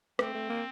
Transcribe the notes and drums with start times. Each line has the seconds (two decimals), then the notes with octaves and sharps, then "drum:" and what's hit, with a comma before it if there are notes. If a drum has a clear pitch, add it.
0.19 A3 C4, drum: rim click
0.34 A3
0.49 A#3